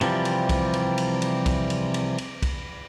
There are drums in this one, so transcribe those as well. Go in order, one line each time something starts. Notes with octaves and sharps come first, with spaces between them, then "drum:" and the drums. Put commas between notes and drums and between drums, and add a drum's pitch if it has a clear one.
C3 E3 F3 G3, drum: cymbal
drum: cymbal
drum: kick, cymbal
drum: cymbal
drum: cymbal
drum: cymbal
drum: kick, cymbal
drum: cymbal
drum: cymbal
drum: cymbal
drum: kick, cymbal